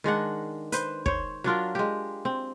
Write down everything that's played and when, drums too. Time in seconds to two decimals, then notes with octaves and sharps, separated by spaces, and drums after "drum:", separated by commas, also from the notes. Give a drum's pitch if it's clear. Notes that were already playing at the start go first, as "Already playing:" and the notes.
0.04 D#3 G#3 D4 F#5
0.72 B4 C5, drum: hi-hat
1.06 C5 C#5, drum: kick
1.44 F#3 D4 F4 A#4
1.75 G#3 G4
2.25 C4